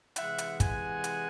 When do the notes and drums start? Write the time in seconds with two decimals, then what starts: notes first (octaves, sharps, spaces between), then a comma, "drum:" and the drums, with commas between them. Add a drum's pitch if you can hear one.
0.16 C3 E3 G#3 E5 F#5, drum: hi-hat
0.38 drum: hi-hat
0.60 F#5 G#5, drum: kick, hi-hat
1.04 drum: hi-hat